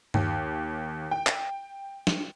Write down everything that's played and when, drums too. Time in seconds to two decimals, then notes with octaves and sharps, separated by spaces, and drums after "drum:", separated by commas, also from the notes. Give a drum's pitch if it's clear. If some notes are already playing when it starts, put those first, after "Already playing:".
0.14 D#2, drum: tom G2
1.11 G5
1.27 drum: clap
2.07 drum: snare